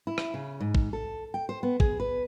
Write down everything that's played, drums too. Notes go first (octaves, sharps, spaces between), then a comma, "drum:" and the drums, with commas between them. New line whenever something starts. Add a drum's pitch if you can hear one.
E4
drum: rim click
C#3
G#2
drum: kick A1
A4
G5
C5
B3
G#4, drum: kick A1
B4